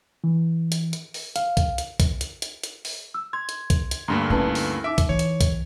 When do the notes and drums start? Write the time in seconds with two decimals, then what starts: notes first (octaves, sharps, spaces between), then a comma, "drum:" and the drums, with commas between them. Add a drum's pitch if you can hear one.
0.24 E3
0.72 drum: hi-hat
0.93 drum: hi-hat
1.14 drum: open hi-hat
1.36 F5, drum: hi-hat
1.57 drum: kick B1, hi-hat
1.78 drum: hi-hat
2.00 drum: kick B1, hi-hat
2.21 drum: hi-hat
2.42 drum: hi-hat
2.63 drum: hi-hat
2.85 drum: open hi-hat
3.14 E6
3.33 C6 G#6
3.49 drum: hi-hat
3.70 drum: kick B1, hi-hat
3.91 drum: hi-hat
4.08 D2 G2 A#3 A#5 C6
4.30 C#4 D#4 E4 B4 A5
4.55 drum: open hi-hat
4.84 D#4 E5 D6 D7
4.98 drum: kick B1, hi-hat
5.09 E3 C#5
5.19 drum: hi-hat
5.41 drum: kick B1, hi-hat